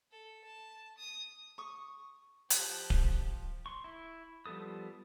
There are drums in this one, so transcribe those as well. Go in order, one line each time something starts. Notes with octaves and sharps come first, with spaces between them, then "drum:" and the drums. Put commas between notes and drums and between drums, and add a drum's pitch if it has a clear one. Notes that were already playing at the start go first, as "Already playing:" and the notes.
A4
A5
D#6
C#6 D#6
F3 G4 A5 F#6, drum: hi-hat
drum: kick D1
C6 C#6
E4
F3 G3 B3 A4 D#6